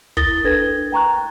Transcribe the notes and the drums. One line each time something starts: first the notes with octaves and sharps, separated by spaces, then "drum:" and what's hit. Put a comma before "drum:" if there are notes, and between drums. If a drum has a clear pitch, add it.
E4 A#4 D#6 A6 A#6 G7, drum: kick
D4 A4 B4 G#6 A#6
G5 A#5 C#6 F#6